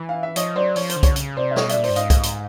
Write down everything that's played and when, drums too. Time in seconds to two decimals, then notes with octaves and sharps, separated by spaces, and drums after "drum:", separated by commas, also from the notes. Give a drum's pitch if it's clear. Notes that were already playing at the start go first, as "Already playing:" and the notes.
Already playing: E3
0.09 F5
0.23 E5
0.36 F3 C#5 D#5, drum: hi-hat
0.56 F#3 C5 D5
0.76 F3 C#5, drum: open hi-hat
0.90 C5, drum: hi-hat
0.96 D3
1.03 C#5, drum: kick, hi-hat
1.16 C#3, drum: hi-hat
1.37 C3 C5 D5
1.51 E5
1.56 B2 C#5 D#5, drum: snare
1.69 D5 E5, drum: hi-hat
1.77 A#2
1.84 C5 D5, drum: open hi-hat
1.90 G2
1.96 G#2 D#5 F5, drum: hi-hat
2.10 drum: kick, hi-hat
2.23 drum: hi-hat